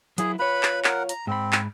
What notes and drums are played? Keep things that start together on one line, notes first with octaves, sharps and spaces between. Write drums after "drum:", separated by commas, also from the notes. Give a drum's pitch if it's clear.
F#3 E4 G#4, drum: hi-hat
F4 B4 C#5 B5
drum: clap
A#4 F#5, drum: clap
A#5, drum: hi-hat
G#2 C4 B5
drum: clap